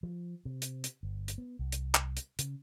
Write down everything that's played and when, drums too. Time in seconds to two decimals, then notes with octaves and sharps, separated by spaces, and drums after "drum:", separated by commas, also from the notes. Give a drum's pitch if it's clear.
0.03 F3
0.45 C3
0.62 drum: hi-hat
0.84 drum: hi-hat
1.03 G1
1.28 drum: hi-hat
1.38 B3
1.59 C2
1.72 drum: hi-hat
1.95 drum: clap
2.17 drum: hi-hat
2.39 C#3, drum: hi-hat